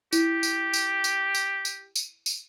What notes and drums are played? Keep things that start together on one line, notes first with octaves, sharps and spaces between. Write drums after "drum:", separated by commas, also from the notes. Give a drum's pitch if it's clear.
E4 G4, drum: tambourine
drum: tambourine
drum: tambourine
drum: tambourine
drum: tambourine
drum: tambourine
drum: tambourine
drum: tambourine